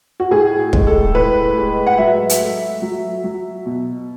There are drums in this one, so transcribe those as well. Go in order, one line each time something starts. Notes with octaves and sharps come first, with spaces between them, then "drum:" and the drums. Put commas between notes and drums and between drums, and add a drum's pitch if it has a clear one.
F#4
A2 G#4
G#3, drum: kick
A4
A2 B4
G#3
F#5
F#3 E5
drum: hi-hat
A3
F#3
F#3
B2